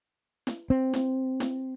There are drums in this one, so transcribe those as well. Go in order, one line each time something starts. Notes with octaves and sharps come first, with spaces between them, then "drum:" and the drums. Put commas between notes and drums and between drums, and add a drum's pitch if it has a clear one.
drum: snare
C4
drum: snare
drum: snare